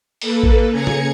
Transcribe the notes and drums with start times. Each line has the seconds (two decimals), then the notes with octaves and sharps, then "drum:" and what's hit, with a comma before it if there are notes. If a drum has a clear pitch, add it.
0.22 A#3 A4 B4, drum: open hi-hat
0.43 drum: kick A1
0.70 C#3 G#4 A#5 G#6 C#7
0.87 drum: tom